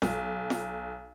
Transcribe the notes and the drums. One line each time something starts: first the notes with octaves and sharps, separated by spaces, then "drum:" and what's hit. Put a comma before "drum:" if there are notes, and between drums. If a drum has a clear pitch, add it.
B1, drum: snare
drum: snare